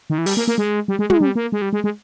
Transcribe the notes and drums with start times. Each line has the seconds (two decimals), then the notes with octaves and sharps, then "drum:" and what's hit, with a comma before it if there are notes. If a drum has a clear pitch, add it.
0.10 D#3
0.18 E3
0.26 G3, drum: open hi-hat
0.37 A#3
0.48 A#3
0.58 G#3
0.88 G3
0.99 G#3
1.10 G#3, drum: tom
1.21 G3
1.35 A#3
1.52 G#3
1.62 G3
1.73 G#3
1.84 G#3